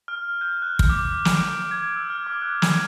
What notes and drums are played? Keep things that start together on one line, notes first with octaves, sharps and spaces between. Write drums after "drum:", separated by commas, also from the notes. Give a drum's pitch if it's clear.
F6
G6
F#6
drum: kick
D6
drum: snare
D7
G#6
E6
F6
D6
F#6
G#6, drum: snare